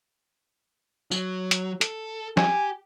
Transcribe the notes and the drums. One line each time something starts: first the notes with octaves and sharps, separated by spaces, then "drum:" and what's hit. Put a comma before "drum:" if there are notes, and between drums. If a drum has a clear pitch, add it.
F#3, drum: tambourine
drum: hi-hat
A4, drum: hi-hat
G4 G#5, drum: snare